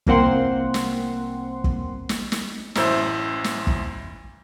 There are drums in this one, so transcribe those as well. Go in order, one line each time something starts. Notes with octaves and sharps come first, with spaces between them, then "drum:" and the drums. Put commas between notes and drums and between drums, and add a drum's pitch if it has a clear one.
C2 A#3 C4 F#5 C6, drum: kick
drum: snare
drum: kick
drum: snare
drum: snare
A1 F#2 E4 C5 E6, drum: snare
drum: snare
drum: kick